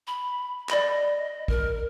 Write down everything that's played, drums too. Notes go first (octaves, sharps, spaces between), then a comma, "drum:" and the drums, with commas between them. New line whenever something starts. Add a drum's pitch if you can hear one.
B5
D5 D#5 B5 A#6, drum: clap
A#4, drum: kick